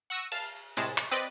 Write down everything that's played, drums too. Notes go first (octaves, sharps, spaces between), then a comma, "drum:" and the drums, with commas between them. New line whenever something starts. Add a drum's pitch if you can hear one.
F#5 C#6 E6 A#6 D#7
F5 A5, drum: cymbal
A2 C3 G#3 A5, drum: cymbal
drum: clap
C4 B4 D5 D#5